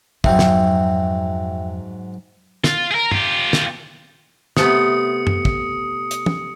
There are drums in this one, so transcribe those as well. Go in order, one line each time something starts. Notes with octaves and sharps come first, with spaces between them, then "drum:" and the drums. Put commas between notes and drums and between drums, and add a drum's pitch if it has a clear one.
F2 G#2 F#3 E5 G5, drum: kick
drum: snare
F4, drum: snare
G#4 A#4
F4 G4, drum: tom
drum: snare
C3 A3 B3 D#6 C#7, drum: snare
drum: tom F#2
drum: kick
drum: hi-hat
drum: tom